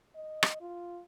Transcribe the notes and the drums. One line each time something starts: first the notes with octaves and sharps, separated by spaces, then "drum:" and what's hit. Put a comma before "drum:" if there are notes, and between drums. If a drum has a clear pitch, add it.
D#5
drum: rim click
F4